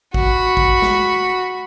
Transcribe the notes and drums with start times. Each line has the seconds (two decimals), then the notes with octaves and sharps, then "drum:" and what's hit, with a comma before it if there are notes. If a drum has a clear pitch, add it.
0.14 F#4 B5, drum: kick G#1
0.57 drum: kick G#1
0.82 drum: snare